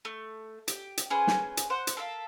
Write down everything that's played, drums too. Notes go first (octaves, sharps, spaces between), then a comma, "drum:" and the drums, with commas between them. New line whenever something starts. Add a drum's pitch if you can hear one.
A3
G4, drum: hi-hat
drum: hi-hat
C#4 G#4 B4 C5
drum: snare
drum: hi-hat
C5 F#5
drum: hi-hat
A4 A#4 E5 F5